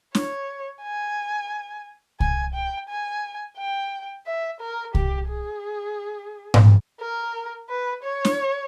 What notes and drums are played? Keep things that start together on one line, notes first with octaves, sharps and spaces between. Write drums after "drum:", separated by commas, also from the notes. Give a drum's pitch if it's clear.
C#5, drum: snare
G#5
G#5, drum: kick C2
G5
G#5
G5
E5
A#4
G4, drum: kick C2
G#4
drum: tom G#2
A#4
B4
C#5
drum: snare